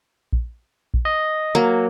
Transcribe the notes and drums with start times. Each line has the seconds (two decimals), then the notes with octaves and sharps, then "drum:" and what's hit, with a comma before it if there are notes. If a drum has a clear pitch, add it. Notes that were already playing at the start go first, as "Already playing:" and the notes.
0.33 drum: kick A#1
0.94 drum: kick A#1
1.05 D#5
1.55 F#3 A#3